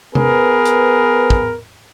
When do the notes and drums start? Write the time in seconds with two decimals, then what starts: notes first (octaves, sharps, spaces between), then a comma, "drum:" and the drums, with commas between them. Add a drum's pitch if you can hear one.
0.15 B3 G#4 A#4 B4, drum: tom C3
0.65 drum: hi-hat
1.30 drum: kick